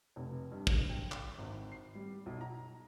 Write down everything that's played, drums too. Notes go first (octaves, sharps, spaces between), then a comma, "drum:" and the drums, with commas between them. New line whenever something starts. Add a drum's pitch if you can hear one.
F1
G2
drum: kick
G5
drum: clap
G#1
C7
G3
B1
A#5